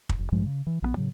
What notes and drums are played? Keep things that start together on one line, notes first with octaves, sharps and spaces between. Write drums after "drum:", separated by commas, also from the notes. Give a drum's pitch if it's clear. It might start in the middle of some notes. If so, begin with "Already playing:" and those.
drum: kick
F1
A1 G2 F3 G#3
C#3
E3
A#1 F3 B3
A2 C#3 F#3